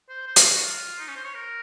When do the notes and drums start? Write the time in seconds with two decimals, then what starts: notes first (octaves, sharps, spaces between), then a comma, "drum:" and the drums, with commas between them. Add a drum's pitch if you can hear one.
0.09 C5
0.27 C5
0.36 A#4, drum: hi-hat
0.45 G#4
0.54 F#4
0.63 F4
0.99 D#4
1.08 C#4
1.16 C5
1.25 C#5
1.34 A#4